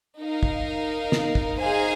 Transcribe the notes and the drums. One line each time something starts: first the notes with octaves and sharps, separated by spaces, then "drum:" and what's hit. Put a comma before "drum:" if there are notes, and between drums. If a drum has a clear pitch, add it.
D#4 A#4 F5
drum: kick
drum: snare
drum: kick
D#4 G#4 C5 F5 G#5